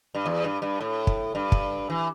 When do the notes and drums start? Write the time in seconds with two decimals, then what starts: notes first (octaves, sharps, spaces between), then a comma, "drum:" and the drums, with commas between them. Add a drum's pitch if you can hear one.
0.15 G2
0.26 E2
0.44 G2
0.62 G2
0.81 A2
1.07 drum: kick
1.35 G2
1.52 drum: kick
1.90 E3